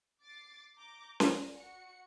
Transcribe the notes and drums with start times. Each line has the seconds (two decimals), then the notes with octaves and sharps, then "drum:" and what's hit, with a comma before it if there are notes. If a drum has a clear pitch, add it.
0.23 D6 A6 C7
0.76 A#5 D6 G6
1.20 A#4 D5 F5 G#5, drum: snare C#4
1.56 F#4 F#5 C#7